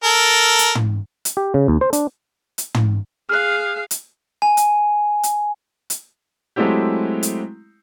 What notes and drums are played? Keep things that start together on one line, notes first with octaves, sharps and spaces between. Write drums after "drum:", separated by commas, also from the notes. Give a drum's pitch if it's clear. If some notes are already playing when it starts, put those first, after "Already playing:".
A4 A#4
drum: hi-hat
drum: tom
drum: hi-hat
G4
C#3
D#2
C5
D4, drum: hi-hat
drum: hi-hat
drum: tom
G#4 F5 F6 F#6
drum: hi-hat
G#5
drum: hi-hat
drum: hi-hat
drum: hi-hat
F#3 G#3 A3 C4 E4 G4
drum: hi-hat